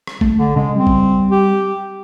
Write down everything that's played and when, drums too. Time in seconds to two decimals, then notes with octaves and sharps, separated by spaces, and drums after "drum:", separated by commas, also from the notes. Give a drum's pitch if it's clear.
0.07 drum: rim click
0.21 A3, drum: kick A1
0.37 D3
0.56 C#3 G#3
0.76 G3 C4
0.87 drum: kick A1
1.31 G4